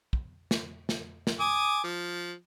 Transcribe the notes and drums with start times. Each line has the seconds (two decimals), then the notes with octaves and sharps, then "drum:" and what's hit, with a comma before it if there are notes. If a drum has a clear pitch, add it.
0.13 drum: kick
0.51 drum: snare
0.89 drum: snare
1.27 drum: snare
1.40 G#5 D6 D#6
1.84 F3